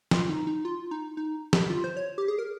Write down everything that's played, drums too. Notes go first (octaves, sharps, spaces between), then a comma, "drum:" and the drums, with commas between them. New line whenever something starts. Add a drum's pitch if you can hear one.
F4, drum: snare
D#4
D#4
F4
D#4
D#4
G4, drum: snare
F4
C5
C#5
G4
G#4
A#4